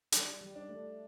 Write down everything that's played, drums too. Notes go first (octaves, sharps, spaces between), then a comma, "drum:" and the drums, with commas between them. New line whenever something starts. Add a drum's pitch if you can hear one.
G3 D4, drum: hi-hat
G3
D4
A3